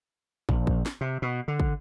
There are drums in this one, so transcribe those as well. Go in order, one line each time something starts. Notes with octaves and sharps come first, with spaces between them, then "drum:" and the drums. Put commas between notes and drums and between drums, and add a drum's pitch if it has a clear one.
A#1, drum: kick
drum: kick
drum: snare
C3
B2
D3
drum: kick